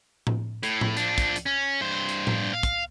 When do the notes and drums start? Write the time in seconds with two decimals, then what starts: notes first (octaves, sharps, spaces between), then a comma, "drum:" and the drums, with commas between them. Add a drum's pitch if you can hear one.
0.27 drum: tom A2
0.63 A2, drum: hi-hat
0.81 drum: tom A2
0.97 F3 D4, drum: hi-hat
1.18 drum: kick, hi-hat
1.36 drum: hi-hat
1.46 C#4
1.81 G2 C5
2.09 drum: hi-hat
2.27 drum: tom A2
2.53 F5
2.63 drum: kick, hi-hat